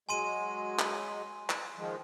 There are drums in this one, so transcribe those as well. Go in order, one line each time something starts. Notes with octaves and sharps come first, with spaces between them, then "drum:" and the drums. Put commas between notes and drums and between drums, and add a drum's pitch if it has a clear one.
F#3 G#3 G#5 C6 D#7
drum: clap
drum: clap
D#3 F3 G#3